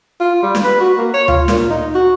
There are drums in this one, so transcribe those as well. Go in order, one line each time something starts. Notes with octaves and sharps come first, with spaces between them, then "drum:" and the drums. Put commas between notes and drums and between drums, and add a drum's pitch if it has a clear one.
F4
G3
drum: snare
B4
F#4
A#3
C#5
F4, drum: tom D2
A#2, drum: snare
D#4
F#4